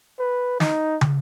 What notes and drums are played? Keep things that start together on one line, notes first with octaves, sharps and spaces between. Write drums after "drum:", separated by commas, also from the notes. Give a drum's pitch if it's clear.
B4
D#4, drum: snare
drum: tom